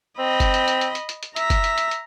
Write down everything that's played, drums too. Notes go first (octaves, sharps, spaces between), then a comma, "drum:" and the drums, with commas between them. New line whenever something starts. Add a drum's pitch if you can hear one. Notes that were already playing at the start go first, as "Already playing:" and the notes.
C4 D#5 B5
drum: kick F#1, hi-hat
drum: hi-hat
drum: hi-hat
drum: hi-hat
drum: hi-hat
drum: hi-hat
drum: hi-hat
E5 A#5 B6, drum: hi-hat
drum: kick F#1, hi-hat
drum: hi-hat
drum: hi-hat
drum: hi-hat